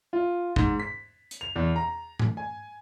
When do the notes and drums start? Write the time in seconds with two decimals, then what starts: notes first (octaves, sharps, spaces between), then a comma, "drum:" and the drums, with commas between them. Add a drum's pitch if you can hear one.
0.13 F4
0.56 G#2, drum: kick G#1
0.80 B6
1.31 drum: hi-hat
1.41 F7
1.56 E2
1.76 A#5
2.19 drum: tom G#2
2.37 G#5